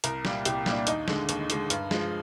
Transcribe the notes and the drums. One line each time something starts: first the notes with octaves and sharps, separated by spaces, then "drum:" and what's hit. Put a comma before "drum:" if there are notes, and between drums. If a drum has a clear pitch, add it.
C2 A#4, drum: hi-hat
A#2 G3 A#3, drum: snare
C2 G4, drum: hi-hat
A#2 G3 A#3, drum: snare
D4
D#2 D#4, drum: hi-hat
D3 G#3, drum: snare
D#2, drum: hi-hat
D3 G#3, drum: hi-hat
G2, drum: hi-hat
F3 G#3, drum: snare